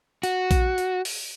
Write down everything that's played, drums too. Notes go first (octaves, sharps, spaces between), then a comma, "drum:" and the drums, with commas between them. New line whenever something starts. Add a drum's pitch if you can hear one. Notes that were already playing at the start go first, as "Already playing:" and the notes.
F#4, drum: hi-hat
drum: kick A#1, hi-hat
drum: hi-hat
drum: open hi-hat